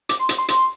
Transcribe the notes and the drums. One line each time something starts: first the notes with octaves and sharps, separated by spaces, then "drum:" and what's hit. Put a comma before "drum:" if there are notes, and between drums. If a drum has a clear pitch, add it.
D6, drum: hi-hat
C6
drum: hi-hat
C6
drum: hi-hat